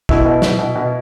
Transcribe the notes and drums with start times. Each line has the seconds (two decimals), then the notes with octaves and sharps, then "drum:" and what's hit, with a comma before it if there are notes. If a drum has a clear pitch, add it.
0.09 B2 E4, drum: kick
0.25 B2
0.42 B2, drum: snare
0.59 B2
0.76 B2